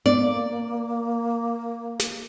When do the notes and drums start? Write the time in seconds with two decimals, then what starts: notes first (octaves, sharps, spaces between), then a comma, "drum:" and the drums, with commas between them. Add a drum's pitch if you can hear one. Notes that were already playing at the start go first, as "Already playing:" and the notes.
0.06 A#3 D5, drum: tom B3
1.99 drum: snare